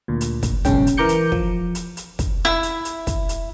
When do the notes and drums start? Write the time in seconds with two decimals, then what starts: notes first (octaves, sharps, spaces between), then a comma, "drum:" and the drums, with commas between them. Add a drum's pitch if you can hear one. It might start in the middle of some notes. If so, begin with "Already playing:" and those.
0.08 D2 A#2
0.21 drum: hi-hat
0.43 drum: kick, hi-hat
0.65 B1 G#2 C#3 C#4 G5, drum: kick, hi-hat
0.87 drum: hi-hat
0.97 E3 A#4 A#5 D6 G6 C#7
1.09 drum: hi-hat
1.32 F3, drum: kick
1.75 drum: hi-hat
1.97 drum: hi-hat
2.19 drum: kick, hi-hat
2.45 E4
2.63 drum: hi-hat
2.85 drum: hi-hat
3.07 drum: kick, hi-hat
3.29 drum: hi-hat